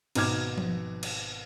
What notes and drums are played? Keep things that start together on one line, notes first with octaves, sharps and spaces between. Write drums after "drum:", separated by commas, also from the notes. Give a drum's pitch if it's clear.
G#1 B2 D#4 D6 F6 G#6, drum: cymbal
drum: tom F3
drum: cymbal